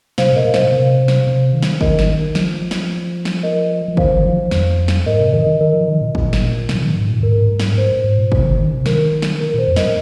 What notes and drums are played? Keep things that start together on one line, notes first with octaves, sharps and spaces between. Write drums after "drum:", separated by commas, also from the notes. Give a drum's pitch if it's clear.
C3 C5 F5, drum: snare
A#2
A#4 D#5
A#2
C3 C5 F5, drum: snare
C3
drum: snare
C3
D#3
drum: snare
A#4 D#5, drum: kick
drum: snare
F3, drum: snare
drum: snare
drum: snare
A#4 D#5
F3
D#3 C5 F5, drum: kick
D#3
F3
F2, drum: snare
drum: snare
G#2 A#4 D#5
C3
D#3 A#4 D#5
D#3
D#3 A#4 D#5
F3
D#3
A#2
A#2, drum: kick
drum: snare
A#2
C3, drum: snare
F3
D#3
G#2
A#2
F2
G#2 A#4
G#2
drum: snare
C5
G#2
G#2
A#2
C3, drum: kick
D#3
D#3
C3
D#3 A#4, drum: snare
drum: snare
A#4
A#2 C5
F2
A#4 D#5, drum: snare